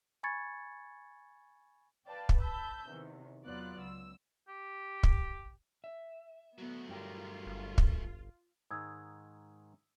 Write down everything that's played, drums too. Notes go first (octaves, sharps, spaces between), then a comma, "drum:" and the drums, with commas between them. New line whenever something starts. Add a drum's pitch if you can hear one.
G#5 B5 C#6 G#6 A6 C#7
B4 D5 F5 G5 A5
drum: kick
A5 B5 E6 G6
E2 C3 D#3
E2 F#3 B3 F4 D5 F#6
C#2 E6
G4
drum: kick
E5
F#3 A3 B3
G2 F4 G4 A#4
G1
drum: kick
G#2 D#3 G#3 D#6 E6 G#6